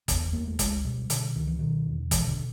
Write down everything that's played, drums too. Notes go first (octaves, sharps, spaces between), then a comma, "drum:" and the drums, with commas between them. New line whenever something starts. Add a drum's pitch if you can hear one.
E2 B3, drum: kick, hi-hat
E2 A#3
A3
C#2 G#3, drum: kick, hi-hat
B2 G3
B2 D3, drum: hi-hat
C#2 D#3
E3
B2 D#3
E2
B2 E3, drum: kick, hi-hat
D3